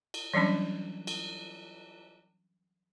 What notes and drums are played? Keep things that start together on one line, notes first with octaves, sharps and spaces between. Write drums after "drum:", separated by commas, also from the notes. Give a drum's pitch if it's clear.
drum: cymbal
E3 F#3 G3 C#4 D4
drum: cymbal